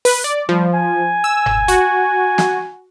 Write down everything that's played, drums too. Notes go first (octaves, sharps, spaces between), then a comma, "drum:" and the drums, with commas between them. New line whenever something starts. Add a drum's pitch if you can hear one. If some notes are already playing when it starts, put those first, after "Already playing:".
B4, drum: open hi-hat
D5
F3 G3
G#5
E6
drum: tom F#1
F#4, drum: hi-hat
drum: snare